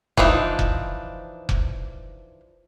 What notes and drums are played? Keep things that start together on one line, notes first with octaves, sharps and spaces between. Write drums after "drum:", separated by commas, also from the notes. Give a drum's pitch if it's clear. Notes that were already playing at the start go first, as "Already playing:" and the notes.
E3 F3 D4 D#4, drum: kick F1
drum: kick F1
drum: kick F1